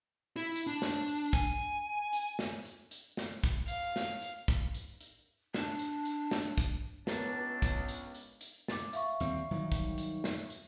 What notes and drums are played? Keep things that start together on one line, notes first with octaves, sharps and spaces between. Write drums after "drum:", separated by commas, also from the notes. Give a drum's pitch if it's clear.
E4
drum: hi-hat
D4
drum: snare
drum: hi-hat
G#5, drum: kick, hi-hat
drum: hi-hat
drum: snare
drum: hi-hat
drum: hi-hat
drum: snare
drum: kick, hi-hat
F5, drum: hi-hat
drum: snare
drum: hi-hat
drum: kick
drum: hi-hat
drum: hi-hat
D4, drum: snare
drum: hi-hat
drum: hi-hat
drum: snare
drum: kick, hi-hat
C#2 B3 D4 A#4, drum: snare
drum: kick, hi-hat
drum: hi-hat
drum: hi-hat
drum: hi-hat
D6 A6, drum: snare
E5 F5 C#6, drum: hi-hat
D#2 G3 C4, drum: hi-hat
D#3 F#3 G3
drum: kick, hi-hat
drum: hi-hat
drum: snare
drum: hi-hat